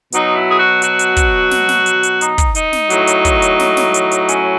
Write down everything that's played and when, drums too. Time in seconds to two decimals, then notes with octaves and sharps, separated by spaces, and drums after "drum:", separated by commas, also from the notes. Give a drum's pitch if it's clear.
0.12 B2 F#3 D#4, drum: hi-hat
0.35 E4
0.50 G#4
0.59 F#4
0.82 F#4, drum: hi-hat
0.99 drum: hi-hat
1.16 drum: kick, hi-hat
1.51 drum: snare
1.69 drum: snare
1.86 drum: hi-hat
2.03 drum: hi-hat
2.21 D#4, drum: hi-hat
2.38 drum: kick, hi-hat
2.55 D#4, drum: hi-hat
2.73 drum: snare
2.90 A2 F#3, drum: hi-hat
3.07 drum: hi-hat
3.25 drum: kick, hi-hat
3.42 drum: hi-hat
3.59 drum: snare
3.77 drum: snare
3.94 drum: hi-hat
4.11 drum: hi-hat
4.29 C#4, drum: hi-hat